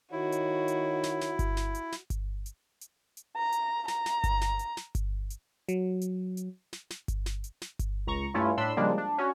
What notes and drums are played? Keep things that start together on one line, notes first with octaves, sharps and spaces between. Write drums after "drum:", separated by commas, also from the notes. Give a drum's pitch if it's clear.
D#3 D#4 E4 F#4 C#5
drum: hi-hat
drum: hi-hat
drum: snare
drum: snare
drum: kick G1, hi-hat
drum: snare
drum: hi-hat
drum: snare
drum: kick G1, hi-hat
drum: hi-hat
drum: hi-hat
drum: hi-hat
A#5
drum: hi-hat
A#5, drum: snare
drum: snare
drum: kick G1, hi-hat
drum: snare
drum: hi-hat
drum: snare
drum: kick G1, hi-hat
drum: hi-hat
F#3, drum: hi-hat
drum: hi-hat
drum: hi-hat
drum: snare
drum: snare
drum: kick G1, hi-hat
drum: snare
drum: hi-hat
drum: snare
drum: kick G1, hi-hat
C#2 A#5 C#6
G2 A3 C#4 E4 F4
A2 D4 B5 C6 E6
C#3 F3 G3 G#3 A#3 D4
D4
C#4 F#4 C#5